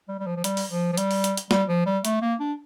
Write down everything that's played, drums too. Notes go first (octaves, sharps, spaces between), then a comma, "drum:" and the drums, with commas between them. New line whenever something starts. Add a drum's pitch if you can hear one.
G3
G3
F3
F3
G3, drum: hi-hat
drum: open hi-hat
F3
F3
G3, drum: hi-hat
drum: open hi-hat
drum: hi-hat
drum: hi-hat
G3, drum: snare
F3
G3
A3, drum: hi-hat
A#3
D4